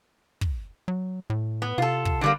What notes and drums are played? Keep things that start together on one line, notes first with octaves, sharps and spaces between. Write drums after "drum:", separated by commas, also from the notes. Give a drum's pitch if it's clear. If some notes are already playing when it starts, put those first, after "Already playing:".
drum: kick
F#3
A2
B3
C3 F4 A4
drum: kick
D3 G3 A#3